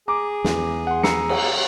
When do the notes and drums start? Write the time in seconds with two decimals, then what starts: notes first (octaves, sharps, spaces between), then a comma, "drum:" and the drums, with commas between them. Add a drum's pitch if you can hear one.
0.08 G#4 A#5 D6
0.44 E2, drum: snare
0.87 F#5 C6
1.03 A#5 E6 C7 C#7, drum: snare
1.29 drum: cymbal